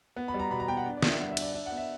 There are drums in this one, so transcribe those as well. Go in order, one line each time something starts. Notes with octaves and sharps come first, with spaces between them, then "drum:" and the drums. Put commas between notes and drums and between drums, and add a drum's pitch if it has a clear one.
B3
B5
G3
A#5
B2 B5
A#5
B3 G5
F#5
D4
D5
D3, drum: snare
E5
G2 F#5
E5
D4, drum: cymbal
D5
D4 E5
F#5
B3
E5